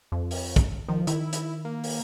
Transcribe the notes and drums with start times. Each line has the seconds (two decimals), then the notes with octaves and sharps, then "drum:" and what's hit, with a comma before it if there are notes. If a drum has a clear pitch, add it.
0.12 F2
0.31 drum: open hi-hat
0.56 drum: kick, hi-hat
0.89 D#3 F3
1.07 D#3 E4, drum: hi-hat
1.33 drum: hi-hat
1.65 A#3
1.84 drum: open hi-hat